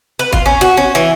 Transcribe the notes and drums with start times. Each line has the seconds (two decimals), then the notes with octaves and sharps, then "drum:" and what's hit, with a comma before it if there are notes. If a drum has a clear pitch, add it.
0.19 B4
0.33 F4, drum: kick
0.46 C#4
0.61 F#4
0.77 C#4
0.95 E3